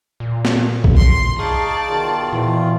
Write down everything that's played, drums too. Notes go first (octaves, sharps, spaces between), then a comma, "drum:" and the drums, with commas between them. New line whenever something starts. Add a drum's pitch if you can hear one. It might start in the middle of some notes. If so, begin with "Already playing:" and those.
A#2
drum: snare
drum: kick B1
C6
D#4 G#4 D5 F5 A5 C#6
B2 D#3 F4
A#2 E3